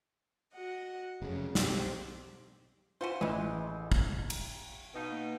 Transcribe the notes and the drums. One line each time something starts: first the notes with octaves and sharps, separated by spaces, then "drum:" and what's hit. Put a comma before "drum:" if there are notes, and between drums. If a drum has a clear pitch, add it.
F#4 D#5 F#5
F1 F#2 C#3
B1 C4 G4 C5, drum: snare
E3 F4 F#4 C5
A1 E3 G#3
drum: kick
drum: cymbal
B2 D#4 B4 F5
A#3